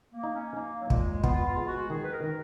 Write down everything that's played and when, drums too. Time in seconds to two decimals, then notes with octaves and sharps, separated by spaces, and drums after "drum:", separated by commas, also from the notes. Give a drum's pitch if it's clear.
0.13 A#3
0.23 D#4
0.35 C#4
0.56 A#3 D#4
0.80 F#3
0.90 A#2 G#3, drum: kick
1.23 B3 F4, drum: kick
1.45 F4
1.57 G#3
1.68 F#4
1.90 D#3 G#4
2.04 B4
2.12 A#4
2.24 D#3